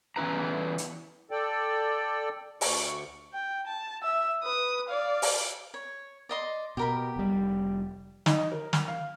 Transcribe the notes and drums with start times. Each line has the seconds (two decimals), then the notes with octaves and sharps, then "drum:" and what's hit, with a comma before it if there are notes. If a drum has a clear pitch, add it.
0.16 E2 C#4 E4 B4 A#5
0.78 drum: hi-hat
1.31 A4 D5 G5
2.61 D2 C#6, drum: open hi-hat
3.34 G5
3.67 A5
4.03 E5 E6
4.43 B4 D#6
4.89 D5 F5
5.22 drum: open hi-hat
5.74 C#5
6.29 D5 D#5 C6
6.77 B2 G4 A#4 B5
7.16 F1 G3
8.26 D#4, drum: snare
8.52 A#4
8.73 F6, drum: snare
8.88 F5